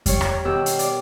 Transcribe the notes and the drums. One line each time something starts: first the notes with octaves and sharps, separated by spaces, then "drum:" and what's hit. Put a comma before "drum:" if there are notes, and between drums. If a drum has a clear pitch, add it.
G3 C#5, drum: kick F2, hi-hat
drum: rim click
B2 D#3 G4 E6
drum: hi-hat
D5, drum: hi-hat